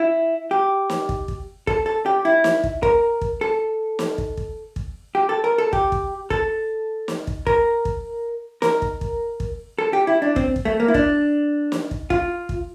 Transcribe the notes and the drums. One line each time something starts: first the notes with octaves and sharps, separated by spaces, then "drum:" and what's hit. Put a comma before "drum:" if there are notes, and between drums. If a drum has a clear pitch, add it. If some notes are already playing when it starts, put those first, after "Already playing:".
Already playing: E4
G4
drum: snare
drum: kick
drum: kick
A4, drum: kick
A4
G4
E4
drum: snare
drum: kick
A#4, drum: kick
drum: kick
A4
drum: snare
drum: kick
drum: kick
drum: kick
G4
A4
A#4
A4
G4, drum: kick
drum: kick
A4, drum: kick
drum: snare
drum: kick
A#4, drum: kick
drum: kick
A#4, drum: snare
drum: kick
drum: kick
drum: kick
A4
G4
E4
D4
C4, drum: kick
drum: kick
A3
A#3
E4
D4, drum: kick
drum: snare
drum: kick
F4, drum: kick
drum: kick